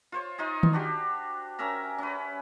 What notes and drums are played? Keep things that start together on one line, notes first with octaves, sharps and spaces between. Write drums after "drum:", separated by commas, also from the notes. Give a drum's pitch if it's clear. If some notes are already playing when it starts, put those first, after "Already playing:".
F4 C5 C#5
D#4 F4 D#5 G#5
drum: tom D#3
D4 F#4 G4
C#4 A#4 E5 A#5
C#4 B4